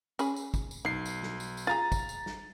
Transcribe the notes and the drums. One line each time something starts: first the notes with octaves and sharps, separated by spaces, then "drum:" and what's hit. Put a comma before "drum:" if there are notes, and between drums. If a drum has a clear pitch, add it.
C#4 G#4 B5, drum: tambourine
drum: tambourine
drum: kick, tambourine
drum: tambourine
B1 D#4 C7
drum: tambourine
drum: snare
drum: tambourine
drum: tambourine
F4 G#4 A#5 A6
drum: kick, tambourine
drum: tambourine
drum: snare